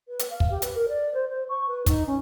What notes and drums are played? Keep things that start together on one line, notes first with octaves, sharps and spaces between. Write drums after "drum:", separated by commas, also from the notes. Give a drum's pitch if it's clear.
B4
drum: hi-hat
F5
drum: kick
G4
B4, drum: hi-hat
A#4
D5
C5
C5
C#6
B4
D#4, drum: kick, hi-hat
C#4